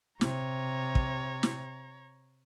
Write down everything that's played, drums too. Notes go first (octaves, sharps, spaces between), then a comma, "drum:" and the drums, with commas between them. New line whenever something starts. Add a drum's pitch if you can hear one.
C3 C#5 A#5, drum: snare
drum: kick
drum: snare